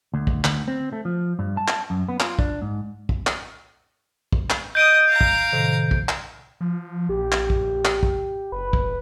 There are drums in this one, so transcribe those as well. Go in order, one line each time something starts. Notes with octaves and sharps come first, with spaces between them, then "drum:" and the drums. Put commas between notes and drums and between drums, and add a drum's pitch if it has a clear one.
D2
drum: kick
D2, drum: clap
C4
A3
F3
G2
A5
drum: clap
F#2
B3
F4, drum: clap
D4, drum: kick
G#2
drum: kick
drum: clap
drum: kick
drum: clap
D#5 D#6 G6 D7
F5 A#5
drum: kick
A2 C3 D#3
drum: kick
drum: clap
F3
A#1 G4
drum: clap
drum: kick
drum: clap
drum: kick
F#1 B4
drum: kick